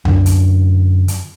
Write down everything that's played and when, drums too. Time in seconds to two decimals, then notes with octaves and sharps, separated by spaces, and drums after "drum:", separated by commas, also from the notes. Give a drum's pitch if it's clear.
0.05 F#2 D3, drum: tom C2
0.26 drum: hi-hat
1.08 drum: hi-hat